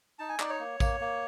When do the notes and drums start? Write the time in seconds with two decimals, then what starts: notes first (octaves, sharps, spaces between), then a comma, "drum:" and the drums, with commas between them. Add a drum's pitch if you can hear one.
0.19 D#4 A5
0.29 G#5
0.40 D#4 D5, drum: clap
0.50 C#5
0.59 A#3
0.80 A#3, drum: kick A1, tambourine
1.01 A#3